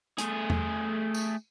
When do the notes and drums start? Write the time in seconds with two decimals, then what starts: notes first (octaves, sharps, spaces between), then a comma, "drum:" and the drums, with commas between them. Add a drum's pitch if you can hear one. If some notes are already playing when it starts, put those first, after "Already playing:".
0.18 A3 G#4, drum: hi-hat
0.50 drum: tom E2
1.14 drum: tambourine